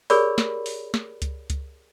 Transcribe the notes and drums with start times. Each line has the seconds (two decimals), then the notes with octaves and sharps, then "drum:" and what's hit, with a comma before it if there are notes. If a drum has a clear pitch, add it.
0.10 G4 G#4 A#4 C#5 D5 B5, drum: open hi-hat
0.38 drum: snare
0.66 drum: open hi-hat
0.94 drum: snare
1.22 drum: kick C#2, hi-hat
1.50 drum: kick C#2, hi-hat